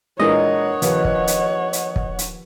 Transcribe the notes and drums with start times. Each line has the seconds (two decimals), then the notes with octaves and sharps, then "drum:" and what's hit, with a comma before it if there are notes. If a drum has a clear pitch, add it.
0.20 A#2 E3 G#3 D4 A#4 C#5 D#5 F#5
0.82 D#2 F3 B4, drum: hi-hat
1.05 drum: kick
1.27 drum: hi-hat
1.73 drum: hi-hat
1.96 drum: kick
2.19 drum: hi-hat